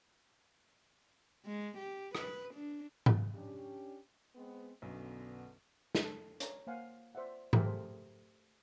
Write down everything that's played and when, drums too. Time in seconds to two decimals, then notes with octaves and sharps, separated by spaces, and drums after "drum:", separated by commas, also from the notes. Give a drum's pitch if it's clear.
1.45 G#3
1.78 G4
2.15 B4, drum: rim click
2.54 D4
3.06 drum: tom G#2
3.35 C#4 D4 G4
4.35 G#3 B3 C4
4.82 B1 F#2 D3 B3
5.95 drum: snare
6.04 A4
6.40 C#5 A#5, drum: hi-hat
6.67 A#3 C5 F5 F#5 G#5
7.15 C5 D5 E5 F#5
7.53 A3 G4 G#4 A#4 C5 E5, drum: tom G#2
7.65 A4 C5